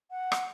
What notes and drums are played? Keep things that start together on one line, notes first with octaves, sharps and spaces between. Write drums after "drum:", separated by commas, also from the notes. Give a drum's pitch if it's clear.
F#5
drum: rim click